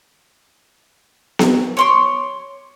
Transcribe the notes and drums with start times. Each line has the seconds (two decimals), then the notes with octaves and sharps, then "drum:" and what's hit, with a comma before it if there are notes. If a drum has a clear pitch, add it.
1.39 drum: snare B3
1.77 C#5 C6 D6